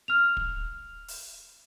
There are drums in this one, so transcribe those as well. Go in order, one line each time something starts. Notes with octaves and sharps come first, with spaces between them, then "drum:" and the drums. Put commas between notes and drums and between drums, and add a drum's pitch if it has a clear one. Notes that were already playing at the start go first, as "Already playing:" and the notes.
F6 F7
drum: kick
drum: open hi-hat